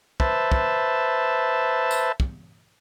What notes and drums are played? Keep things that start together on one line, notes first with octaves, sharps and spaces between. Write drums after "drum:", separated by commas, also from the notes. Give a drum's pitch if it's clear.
B4 C5 E5 A5, drum: kick
drum: kick
drum: tambourine
drum: kick